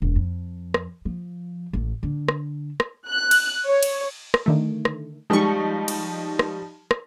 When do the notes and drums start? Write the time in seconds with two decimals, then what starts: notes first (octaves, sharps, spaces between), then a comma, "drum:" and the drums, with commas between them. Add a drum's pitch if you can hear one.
0.02 E1
0.16 F2
0.74 drum: rim click
1.05 F3
1.73 A1
2.03 D3
2.28 drum: rim click
2.80 drum: rim click
3.07 F#6
3.31 drum: cymbal
3.65 C#5
3.83 drum: cymbal
4.34 drum: rim click
4.46 D3 D#3 A3
4.85 drum: rim click
5.30 F3 G3 G#3 D#4 C#6
5.88 drum: cymbal
6.39 drum: rim click
6.91 drum: rim click